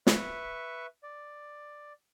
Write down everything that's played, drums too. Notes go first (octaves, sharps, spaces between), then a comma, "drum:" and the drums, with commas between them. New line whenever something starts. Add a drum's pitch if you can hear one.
B4 E5 C#6, drum: snare
D5